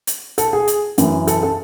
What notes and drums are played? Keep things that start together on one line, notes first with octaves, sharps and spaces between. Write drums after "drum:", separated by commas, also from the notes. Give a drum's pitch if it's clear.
drum: hi-hat
A4, drum: hi-hat
G#4
drum: hi-hat
F#2 E3, drum: hi-hat
A4, drum: hi-hat
A4